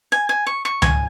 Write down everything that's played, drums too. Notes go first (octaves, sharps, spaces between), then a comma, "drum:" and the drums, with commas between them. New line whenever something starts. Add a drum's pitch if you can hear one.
G#5
G#5
C#6
C#6
G#5, drum: tom C#2